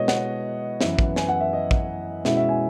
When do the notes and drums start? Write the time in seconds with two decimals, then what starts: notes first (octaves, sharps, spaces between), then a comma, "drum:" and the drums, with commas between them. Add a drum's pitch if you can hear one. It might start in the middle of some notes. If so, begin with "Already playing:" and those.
Already playing: B2 G#3 B3 E4 C#5 D#5
0.08 F#5, drum: snare
0.81 F#2 E3 B3 E4, drum: snare
0.99 drum: kick
1.16 G#5, drum: snare
1.29 F#5
1.41 E5
1.53 D#5
1.71 drum: kick
2.25 B2 G#3 C#4 E4 E5, drum: snare
2.37 E5
2.49 G#5